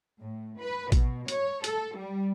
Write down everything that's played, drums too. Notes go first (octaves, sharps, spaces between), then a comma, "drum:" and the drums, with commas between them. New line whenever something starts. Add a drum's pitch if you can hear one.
A2
B4
B2, drum: kick A1, hi-hat
C#5, drum: hi-hat
A4, drum: hi-hat
G3